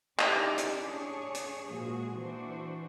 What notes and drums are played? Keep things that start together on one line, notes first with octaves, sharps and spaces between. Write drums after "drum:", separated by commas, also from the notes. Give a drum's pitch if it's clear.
C#4 D#4 E4 G4 G#4 D5, drum: clap
drum: hi-hat
D4 G#4 C#5
drum: hi-hat
A#2 F3 G#3 F#4 G#4
E3 D4 F#4 C5